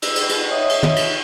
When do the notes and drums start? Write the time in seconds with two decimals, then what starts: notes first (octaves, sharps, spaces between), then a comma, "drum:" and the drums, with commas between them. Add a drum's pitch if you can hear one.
0.02 E6, drum: cymbal
0.16 drum: cymbal
0.29 drum: cymbal
0.50 C#5 D#5 E5 D#6
0.69 drum: cymbal
0.83 drum: tom
0.96 drum: cymbal